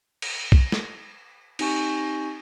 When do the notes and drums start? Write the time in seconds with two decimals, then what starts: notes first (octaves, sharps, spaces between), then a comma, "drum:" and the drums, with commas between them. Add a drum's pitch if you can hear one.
0.22 drum: cymbal
0.52 drum: kick B1
0.72 drum: snare
1.59 C4 D#4 G4 G#5 C#6 G6, drum: cymbal